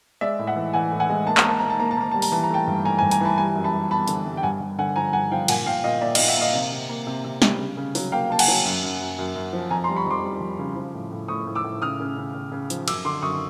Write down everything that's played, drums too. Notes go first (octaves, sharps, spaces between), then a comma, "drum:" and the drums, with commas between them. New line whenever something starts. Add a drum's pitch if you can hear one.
G#3 D5 E5
A2
E5 F#5
E3
E3 F#5 G#5
A2
F#5 G#5
G#3
A#3 A5
A#5, drum: clap
A#3 A5
A#3 A#5
A5
A#3 A#5
A5
A#3 A#5
G3 A5
A#5, drum: open hi-hat
E3 A5
A#5
A3 G5 A5
G2
A3 G#5 A#5
G#5 A#5
G2
G#5 A#5, drum: hi-hat
E3 A5 B5
G3 G#5 A#5
F#2
A5 B5
G3
B3 A5 B5
D3, drum: hi-hat
G3
G5
G2 F#5 G#5
G2
D3 F#5 G#5
F3 G#5 A#5
G2 F#5 G#5
F3 F5 G5
A#2 F#5 G#5, drum: cymbal
A#2 F5 G5
A#2 D#5 F5
A#3 D5 E5
D#5 F5, drum: cymbal
A#2
E5 F#5
A#3 D#5 F5
C3
C3
A#3
C3
C3
G3, drum: snare
C#3
C#3
F#3, drum: open hi-hat
A#3 F5 G5
A#3 A5
F#5 G#5, drum: cymbal
F#3
F#2
F#2
F#2
F#2
F#2
F3
F2 G#5 A#5
A#5 C6
G3
B5 C#6
F2 C6 D6
G3
F2
C#3
F3
A2
A2
A2 C#6 D#6
A2
D6 E6
A2
C#3 D#6 F6
C#3
C#3
C#3
C#3
F3, drum: hi-hat
F#2 D6 E6, drum: cymbal
D3 C6 D6
F#2 C#6 D#6